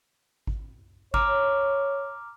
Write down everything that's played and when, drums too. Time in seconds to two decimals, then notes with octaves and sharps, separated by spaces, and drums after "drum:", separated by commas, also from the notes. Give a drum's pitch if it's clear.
0.47 drum: kick G#1
1.14 C#5 A#5 D6 F6, drum: kick G#1